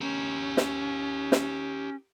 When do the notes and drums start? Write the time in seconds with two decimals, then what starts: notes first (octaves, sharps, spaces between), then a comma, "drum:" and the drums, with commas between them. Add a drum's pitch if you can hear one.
0.01 C#4 G4 A#4
0.57 drum: snare
1.32 drum: snare